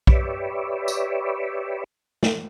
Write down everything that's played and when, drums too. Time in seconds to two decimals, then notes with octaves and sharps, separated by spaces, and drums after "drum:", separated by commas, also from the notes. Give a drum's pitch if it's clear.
0.07 G4 B4 C#5 D5 E5, drum: kick
0.88 drum: tambourine
2.23 drum: snare